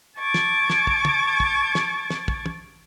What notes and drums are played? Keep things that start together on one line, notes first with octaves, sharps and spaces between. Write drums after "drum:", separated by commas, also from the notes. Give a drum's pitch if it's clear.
A5 C#6 D6 G#6
drum: snare
drum: snare
drum: kick
drum: tom
drum: kick
drum: snare
drum: snare
drum: kick
drum: tom